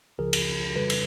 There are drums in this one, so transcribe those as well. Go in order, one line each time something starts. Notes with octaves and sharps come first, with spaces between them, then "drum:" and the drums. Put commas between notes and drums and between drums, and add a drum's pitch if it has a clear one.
C#2 C#3 F3 G#4 A#4
drum: cymbal
F2 C#3 E3 G3 A4 B4
drum: cymbal